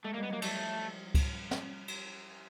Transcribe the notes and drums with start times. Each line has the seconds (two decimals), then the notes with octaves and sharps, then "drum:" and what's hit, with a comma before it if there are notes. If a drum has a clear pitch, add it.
0.04 G#3 A3
0.14 A#3
0.17 G3
0.23 B3
0.30 F#3 A#3
0.42 F3 G3 A3, drum: cymbal
1.15 drum: kick C#2, cymbal
1.51 drum: snare
1.88 drum: cymbal